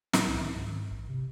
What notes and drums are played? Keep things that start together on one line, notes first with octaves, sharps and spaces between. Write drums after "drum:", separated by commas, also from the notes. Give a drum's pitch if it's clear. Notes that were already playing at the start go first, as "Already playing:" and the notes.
A2, drum: snare
C2
D#3
G#2
A1
C3